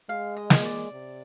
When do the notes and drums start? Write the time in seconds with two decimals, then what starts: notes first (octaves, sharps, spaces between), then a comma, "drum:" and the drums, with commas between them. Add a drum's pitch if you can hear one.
0.09 G#3 F5
0.37 D#5
0.50 drum: snare
0.65 D5
0.92 C3